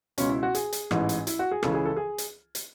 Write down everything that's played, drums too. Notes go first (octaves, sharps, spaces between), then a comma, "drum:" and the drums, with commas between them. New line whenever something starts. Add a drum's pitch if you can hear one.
C#2 B2 C#4, drum: hi-hat
E4
F#4
G#4, drum: hi-hat
drum: hi-hat
A1 G#2 E3, drum: rim click
drum: hi-hat
E4, drum: hi-hat
F#4
G#4
C#2 C#3 E3 A4, drum: rim click
G#4
A4
G#4
drum: hi-hat
drum: hi-hat